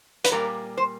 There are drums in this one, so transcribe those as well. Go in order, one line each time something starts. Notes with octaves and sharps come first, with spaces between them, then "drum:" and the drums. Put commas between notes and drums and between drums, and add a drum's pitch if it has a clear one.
B4, drum: hi-hat
A#2 G3 A#3 A#4
C5